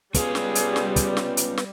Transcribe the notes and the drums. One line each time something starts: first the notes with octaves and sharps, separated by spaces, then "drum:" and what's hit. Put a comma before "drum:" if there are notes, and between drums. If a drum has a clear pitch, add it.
G3 B3 C#4 F4 G#4 B4, drum: kick, hi-hat
drum: snare
drum: hi-hat
drum: snare
drum: kick, hi-hat
drum: snare
drum: hi-hat
drum: snare